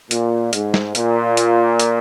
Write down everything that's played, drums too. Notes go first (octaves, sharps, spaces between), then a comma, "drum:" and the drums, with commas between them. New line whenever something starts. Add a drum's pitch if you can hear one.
A#2, drum: hi-hat
G#2, drum: hi-hat
drum: snare
A#2, drum: hi-hat
drum: hi-hat
drum: hi-hat